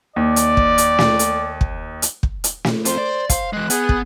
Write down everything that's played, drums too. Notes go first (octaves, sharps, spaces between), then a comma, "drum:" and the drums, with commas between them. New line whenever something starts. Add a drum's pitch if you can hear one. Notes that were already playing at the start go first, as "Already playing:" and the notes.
D#2 D5
drum: hi-hat
drum: kick
drum: hi-hat
drum: snare
drum: hi-hat
drum: kick
drum: hi-hat
drum: kick
drum: hi-hat
drum: snare
C4 F4 C5, drum: hi-hat
D5
C5 F5, drum: kick, hi-hat
E3 G#3 F#6
B3 G#4, drum: hi-hat
drum: kick